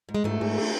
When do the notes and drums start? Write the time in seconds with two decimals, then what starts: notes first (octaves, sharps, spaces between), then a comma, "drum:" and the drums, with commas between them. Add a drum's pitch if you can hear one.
0.09 G#2
0.14 G#3
0.24 G#2 A3, drum: cymbal
0.41 G#2, drum: cymbal
0.57 drum: cymbal